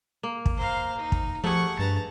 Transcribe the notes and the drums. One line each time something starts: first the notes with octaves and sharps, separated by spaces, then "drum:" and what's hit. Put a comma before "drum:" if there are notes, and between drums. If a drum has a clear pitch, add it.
A#3
drum: kick
C5 F5 A#5
D#4
drum: kick
F3 A3 G4 G#4 F#5 C#6
G2 B4 A5 A#5